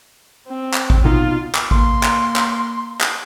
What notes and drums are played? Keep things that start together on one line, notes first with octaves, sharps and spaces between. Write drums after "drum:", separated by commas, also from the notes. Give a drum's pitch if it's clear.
C4
drum: clap
drum: kick A1
B2 D#4 F4 D#5
drum: clap
A#3 C6, drum: kick A1
drum: clap
drum: clap
drum: clap